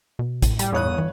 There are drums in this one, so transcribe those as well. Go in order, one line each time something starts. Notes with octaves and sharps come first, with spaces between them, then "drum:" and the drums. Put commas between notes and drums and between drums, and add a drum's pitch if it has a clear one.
B2
A2, drum: kick A1, hi-hat
G3, drum: hi-hat
G1 E2 C#5 D#6 F#6 D#7
E3